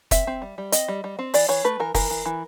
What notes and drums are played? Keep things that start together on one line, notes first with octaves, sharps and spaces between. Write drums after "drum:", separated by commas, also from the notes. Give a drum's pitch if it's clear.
C4 E5, drum: kick, hi-hat
C4
G3
G3
C4 D#5, drum: hi-hat
G3
G3
C4
E3 D5, drum: open hi-hat
E3 C#5
A3 B4
E3 A#4
E3 A#4, drum: kick, open hi-hat
E3
E3